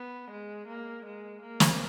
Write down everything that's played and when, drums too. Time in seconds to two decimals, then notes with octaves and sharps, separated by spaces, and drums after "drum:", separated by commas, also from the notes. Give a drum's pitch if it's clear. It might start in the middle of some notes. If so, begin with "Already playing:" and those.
Already playing: B3
0.30 G#3
0.67 A#3
1.05 G#3
1.41 A#3
1.60 drum: snare